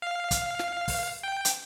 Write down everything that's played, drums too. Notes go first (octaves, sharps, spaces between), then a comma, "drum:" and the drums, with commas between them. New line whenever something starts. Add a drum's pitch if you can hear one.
F5
drum: kick, hi-hat
drum: snare
drum: kick, open hi-hat
G5
drum: hi-hat